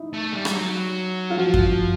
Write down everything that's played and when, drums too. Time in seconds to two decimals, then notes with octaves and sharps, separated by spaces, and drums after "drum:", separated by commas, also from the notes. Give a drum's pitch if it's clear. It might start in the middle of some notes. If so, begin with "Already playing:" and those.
Already playing: D#4 E4
0.14 A3
0.34 G3
0.45 drum: rim click
0.55 F#3
1.30 F4
1.38 F3 F#4
1.54 drum: kick F#2